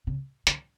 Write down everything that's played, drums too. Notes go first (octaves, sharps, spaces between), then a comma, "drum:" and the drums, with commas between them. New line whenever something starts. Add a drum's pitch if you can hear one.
C#3
D3, drum: hi-hat